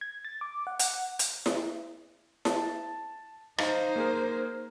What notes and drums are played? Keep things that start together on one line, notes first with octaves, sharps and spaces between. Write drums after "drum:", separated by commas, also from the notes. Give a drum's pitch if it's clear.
G#6
A6
D6
F#5
F#5, drum: hi-hat
drum: hi-hat
drum: snare E4
A5, drum: snare E4
D#4 C5 D#5 F5, drum: rim click
A#3 G#4 A#4